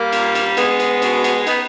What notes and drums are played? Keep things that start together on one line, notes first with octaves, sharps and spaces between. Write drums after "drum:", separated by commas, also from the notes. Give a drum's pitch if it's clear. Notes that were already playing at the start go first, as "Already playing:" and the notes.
Already playing: G3 A#3
A#2, drum: cymbal
drum: cymbal
G#3 B3, drum: cymbal
drum: cymbal
B2, drum: cymbal
drum: cymbal
B3 D#4, drum: cymbal